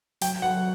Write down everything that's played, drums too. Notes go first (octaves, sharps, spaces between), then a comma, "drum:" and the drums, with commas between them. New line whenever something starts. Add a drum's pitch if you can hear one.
F#3 G5, drum: hi-hat
F#5